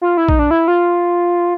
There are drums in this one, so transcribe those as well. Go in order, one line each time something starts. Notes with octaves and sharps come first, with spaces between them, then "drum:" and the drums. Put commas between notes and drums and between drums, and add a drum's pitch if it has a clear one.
F4
E4
D#4, drum: kick A#1
D4
E4
F4